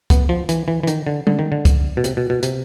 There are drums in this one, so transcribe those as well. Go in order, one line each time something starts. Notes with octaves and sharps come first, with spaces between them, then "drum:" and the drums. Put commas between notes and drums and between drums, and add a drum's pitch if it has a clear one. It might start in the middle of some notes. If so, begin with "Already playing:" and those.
B3, drum: kick, hi-hat
F3
E3, drum: hi-hat
E3
E3
D#3, drum: hi-hat
D3
D3, drum: tom G3
D#3
D3
drum: kick, hi-hat
B2
C3, drum: hi-hat
B2
B2
C3, drum: hi-hat